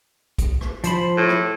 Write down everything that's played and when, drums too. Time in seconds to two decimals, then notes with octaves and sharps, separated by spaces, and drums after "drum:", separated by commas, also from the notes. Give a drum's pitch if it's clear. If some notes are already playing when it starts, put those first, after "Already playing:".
0.38 drum: kick, hi-hat
0.61 drum: rim click
0.84 F3 C5 B5, drum: hi-hat
1.17 A2
1.29 drum: rim click